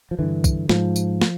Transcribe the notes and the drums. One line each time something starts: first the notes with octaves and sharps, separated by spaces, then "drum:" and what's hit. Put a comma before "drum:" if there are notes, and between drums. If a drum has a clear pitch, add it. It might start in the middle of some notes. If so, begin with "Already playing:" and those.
F3
G2 D3 E3
drum: kick, tambourine
G#2 F3, drum: snare
drum: tambourine
drum: snare